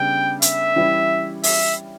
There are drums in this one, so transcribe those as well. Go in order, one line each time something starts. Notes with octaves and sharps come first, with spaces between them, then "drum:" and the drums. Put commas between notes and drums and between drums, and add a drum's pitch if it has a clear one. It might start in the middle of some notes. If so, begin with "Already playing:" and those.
Already playing: C#3 G3 B3 D4 G5
E5, drum: hi-hat
E3 G3 C#4 E4
E5, drum: open hi-hat